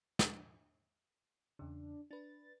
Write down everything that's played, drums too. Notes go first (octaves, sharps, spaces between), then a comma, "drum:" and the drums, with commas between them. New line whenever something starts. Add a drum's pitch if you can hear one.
drum: snare
E2 C#3 D4
D4 B4 A6